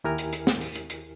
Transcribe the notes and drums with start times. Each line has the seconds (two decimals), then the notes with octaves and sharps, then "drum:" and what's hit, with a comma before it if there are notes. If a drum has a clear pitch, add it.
0.04 D#2 E4 G4 A#4 G#5 F6
0.18 drum: hi-hat
0.33 drum: hi-hat
0.47 drum: snare
0.61 drum: open hi-hat
0.76 drum: hi-hat
0.90 drum: hi-hat